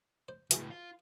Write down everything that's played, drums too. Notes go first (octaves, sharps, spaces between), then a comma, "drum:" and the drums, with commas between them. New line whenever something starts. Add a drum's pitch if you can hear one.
C5
C#2 A2 E3 F#4 G#4, drum: hi-hat
F4